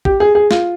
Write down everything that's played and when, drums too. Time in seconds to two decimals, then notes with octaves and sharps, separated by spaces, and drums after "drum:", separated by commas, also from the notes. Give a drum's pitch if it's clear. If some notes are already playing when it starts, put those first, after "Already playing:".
0.05 G4, drum: kick A1
0.20 G#4
0.35 G#4
0.51 F4, drum: snare